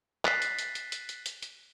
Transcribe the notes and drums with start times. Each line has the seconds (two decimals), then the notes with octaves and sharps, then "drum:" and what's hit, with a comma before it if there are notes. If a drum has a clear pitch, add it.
0.25 F#6 A6 B6 C7, drum: clap
0.42 drum: hi-hat
0.59 drum: hi-hat
0.75 drum: hi-hat
0.92 drum: hi-hat
1.09 drum: hi-hat
1.26 drum: hi-hat
1.43 drum: hi-hat